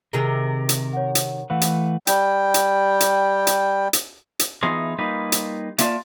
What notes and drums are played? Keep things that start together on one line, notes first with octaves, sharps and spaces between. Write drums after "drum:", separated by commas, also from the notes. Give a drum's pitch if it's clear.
C3 D#3 G#4 A#4
drum: hi-hat
C#5 F#5
drum: hi-hat
E3 A3 B4 F5 F#5
drum: hi-hat
G3 G5, drum: hi-hat
drum: hi-hat
drum: hi-hat
drum: hi-hat
drum: hi-hat
drum: hi-hat
E3 A3 B3 D#4 F4 G#4
G3 A#3 D#4 F4 B4
drum: hi-hat
A3 A#3 D4 F4 D5 A5, drum: hi-hat